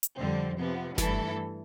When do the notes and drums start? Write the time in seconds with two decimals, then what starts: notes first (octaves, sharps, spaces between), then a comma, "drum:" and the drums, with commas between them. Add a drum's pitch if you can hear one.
0.03 drum: hi-hat
0.16 F2 D3 G3 C4
0.57 C3 F3 B3
0.98 G2 E3 A3 E4 A4, drum: snare F#1